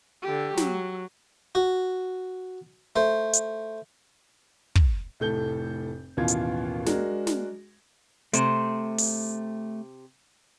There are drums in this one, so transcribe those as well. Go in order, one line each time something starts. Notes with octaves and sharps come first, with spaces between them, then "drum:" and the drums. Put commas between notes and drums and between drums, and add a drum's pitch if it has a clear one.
D3 G4
F#3, drum: snare
F#4
A3 C5
drum: hi-hat
drum: kick
F1 A2 A4 G6 G7
A1 D#2 B2 E3 F4 G#6
drum: hi-hat
G#3 D4 F#4 A#4, drum: snare
drum: snare
C3 A3 C5, drum: hi-hat
drum: open hi-hat